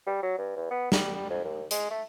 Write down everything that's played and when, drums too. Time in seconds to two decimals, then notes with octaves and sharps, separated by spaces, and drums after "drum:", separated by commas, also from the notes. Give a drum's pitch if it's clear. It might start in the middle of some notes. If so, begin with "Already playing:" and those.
0.07 G3
0.23 F#3
0.38 G2
0.56 E2
0.71 B3
0.92 G3, drum: snare
1.15 G3
1.30 F2
1.44 D#2
1.71 G#3, drum: hi-hat
1.90 A3